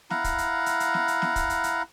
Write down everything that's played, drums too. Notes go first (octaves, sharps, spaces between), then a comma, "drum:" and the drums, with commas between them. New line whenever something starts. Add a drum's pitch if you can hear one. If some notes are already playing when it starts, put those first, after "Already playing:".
E4 F5 F#5 A#5, drum: snare
drum: kick, hi-hat
drum: hi-hat
drum: hi-hat
drum: hi-hat
drum: snare
drum: hi-hat
drum: snare
drum: kick, hi-hat
drum: hi-hat
drum: hi-hat